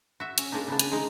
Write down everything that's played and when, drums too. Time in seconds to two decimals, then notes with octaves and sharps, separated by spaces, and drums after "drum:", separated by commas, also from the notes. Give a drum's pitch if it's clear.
0.20 F#4 E5
0.38 C#4, drum: hi-hat
0.52 G#3 A#3 D4 D#4
0.68 C#3 B3 D4
0.79 G#5, drum: hi-hat
0.92 G#3 D#4